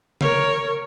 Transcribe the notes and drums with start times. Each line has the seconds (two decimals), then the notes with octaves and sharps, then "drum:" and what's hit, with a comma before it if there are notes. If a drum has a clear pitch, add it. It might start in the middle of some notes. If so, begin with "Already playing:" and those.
0.21 A#4 C#5, drum: tom C#3